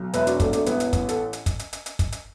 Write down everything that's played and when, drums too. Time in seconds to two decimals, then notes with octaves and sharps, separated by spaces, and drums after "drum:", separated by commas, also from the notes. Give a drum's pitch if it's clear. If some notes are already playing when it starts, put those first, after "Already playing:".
Already playing: B1
0.13 E1 B4 E5, drum: hi-hat
0.27 D4 F#4, drum: hi-hat
0.40 E1 A3 D4, drum: kick, hi-hat
0.53 A3 D4, drum: hi-hat
0.66 A1 B3 E4, drum: hi-hat
0.80 drum: hi-hat
0.93 A1, drum: kick, hi-hat
1.09 A4, drum: hi-hat
1.33 drum: hi-hat
1.46 drum: kick, hi-hat
1.59 drum: hi-hat
1.73 drum: hi-hat
1.86 drum: hi-hat
1.99 drum: kick, hi-hat
2.12 drum: hi-hat